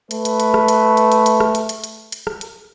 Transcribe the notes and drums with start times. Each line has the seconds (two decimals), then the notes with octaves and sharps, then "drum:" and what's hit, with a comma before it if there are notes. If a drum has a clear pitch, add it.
0.11 A3 B4, drum: hi-hat
0.25 drum: hi-hat
0.40 drum: hi-hat
0.54 drum: rim click
0.68 drum: hi-hat
0.97 drum: hi-hat
1.12 drum: hi-hat
1.26 drum: hi-hat
1.40 drum: rim click
1.55 drum: hi-hat
1.69 drum: hi-hat
1.84 drum: hi-hat
2.12 drum: hi-hat
2.27 drum: rim click
2.41 drum: hi-hat